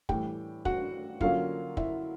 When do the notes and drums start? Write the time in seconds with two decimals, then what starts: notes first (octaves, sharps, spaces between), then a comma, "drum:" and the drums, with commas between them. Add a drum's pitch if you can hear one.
0.09 A2 E3 G3 G4 G5, drum: kick
0.65 F#4 F#5, drum: kick
1.21 D3 F#3 A#3 C#4 F4 F5, drum: kick
1.77 E4 E5, drum: kick